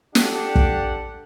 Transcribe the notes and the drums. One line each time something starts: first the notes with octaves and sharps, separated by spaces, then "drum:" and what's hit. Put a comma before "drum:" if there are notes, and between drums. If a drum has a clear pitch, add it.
D4 G4 A4 F#5, drum: snare
drum: kick